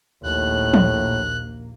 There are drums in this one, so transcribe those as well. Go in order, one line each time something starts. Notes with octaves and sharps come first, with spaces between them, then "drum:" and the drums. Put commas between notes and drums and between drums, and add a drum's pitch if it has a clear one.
A#1 D#2 A2 A#3 F#6
drum: tom